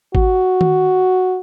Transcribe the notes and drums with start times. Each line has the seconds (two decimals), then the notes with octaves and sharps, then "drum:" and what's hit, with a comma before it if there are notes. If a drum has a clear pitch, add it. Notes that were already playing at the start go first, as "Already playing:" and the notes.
0.15 F#4, drum: kick G#1
0.61 drum: tom D#3